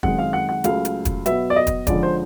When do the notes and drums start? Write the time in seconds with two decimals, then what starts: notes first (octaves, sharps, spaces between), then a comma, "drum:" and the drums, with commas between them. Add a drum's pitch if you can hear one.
0.03 F#2 D#3 G#3 C4 F#5, drum: kick
0.19 F5
0.33 F#5
0.49 F#5
0.64 C#2 C#3 F#3 A3 F5, drum: hi-hat
0.85 drum: hi-hat
1.05 drum: kick, hi-hat
1.26 B2 F#3 B3 E5, drum: hi-hat
1.50 D5
1.56 D#5
1.67 drum: kick, hi-hat
1.87 F2 D3 F3 G#3 C#4 D5, drum: kick, hi-hat
2.03 C5